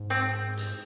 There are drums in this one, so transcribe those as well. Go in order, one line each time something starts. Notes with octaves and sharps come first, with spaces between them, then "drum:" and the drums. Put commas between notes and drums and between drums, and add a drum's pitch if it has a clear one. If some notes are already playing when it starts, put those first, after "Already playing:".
Already playing: G#2
C4
drum: hi-hat